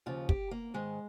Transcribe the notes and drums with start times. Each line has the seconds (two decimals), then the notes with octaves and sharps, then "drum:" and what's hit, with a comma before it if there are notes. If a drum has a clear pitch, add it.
0.06 D#2 C#3 F3 F4
0.29 G4, drum: kick
0.51 A#3
0.74 G#2 D#3 G#3